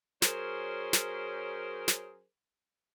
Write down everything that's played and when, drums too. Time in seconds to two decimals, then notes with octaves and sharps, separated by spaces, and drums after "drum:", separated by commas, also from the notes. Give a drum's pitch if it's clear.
0.22 F#3 C#4 G#4 A#4 C5, drum: snare
0.93 drum: snare
1.88 drum: snare